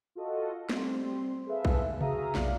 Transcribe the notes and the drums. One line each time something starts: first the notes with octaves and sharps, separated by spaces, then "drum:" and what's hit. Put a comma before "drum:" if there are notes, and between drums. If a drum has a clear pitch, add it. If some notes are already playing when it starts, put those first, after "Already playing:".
F4 F#4 A4 D#5
G3 C4 C6, drum: snare
G#4 A4 B4 E5 F5
drum: kick B1
F#4 G#4 E5 F5 A#5 D#6, drum: tom C3
B1 F2 F#3 F4 D5 F5, drum: snare